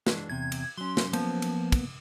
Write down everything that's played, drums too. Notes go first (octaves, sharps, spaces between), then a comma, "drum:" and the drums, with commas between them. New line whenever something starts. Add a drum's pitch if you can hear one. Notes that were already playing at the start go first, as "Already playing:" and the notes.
E3 G#3 D4, drum: snare
E2 C3 G#6
drum: cymbal
F#3 C#4 C6
drum: snare
F3 A#3 B3, drum: cymbal
drum: cymbal
drum: kick, cymbal